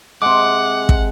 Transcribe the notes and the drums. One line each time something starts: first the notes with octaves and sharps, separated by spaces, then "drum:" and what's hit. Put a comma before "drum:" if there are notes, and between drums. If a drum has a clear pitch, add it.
C3 G#3 F#5 D6
drum: kick